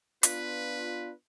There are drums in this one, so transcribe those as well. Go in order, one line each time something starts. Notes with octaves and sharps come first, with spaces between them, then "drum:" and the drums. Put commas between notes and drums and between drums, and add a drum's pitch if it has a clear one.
B3 D4 F4 B4, drum: hi-hat